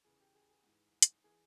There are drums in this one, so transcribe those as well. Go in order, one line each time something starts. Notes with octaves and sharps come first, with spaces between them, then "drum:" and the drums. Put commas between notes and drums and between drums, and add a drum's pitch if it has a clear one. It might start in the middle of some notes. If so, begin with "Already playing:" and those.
E2 C#3 E3 G#4
G4
G#4
G#4
G#2 E3
drum: hi-hat
E3 G#4